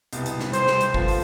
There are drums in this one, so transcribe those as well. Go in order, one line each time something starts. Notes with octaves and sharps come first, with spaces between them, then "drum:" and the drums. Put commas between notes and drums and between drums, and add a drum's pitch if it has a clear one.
C2 B2 B3, drum: hi-hat
drum: hi-hat
drum: snare
C5, drum: hi-hat
drum: snare
drum: hi-hat
D3 F3 B3 F4, drum: kick G1
drum: open hi-hat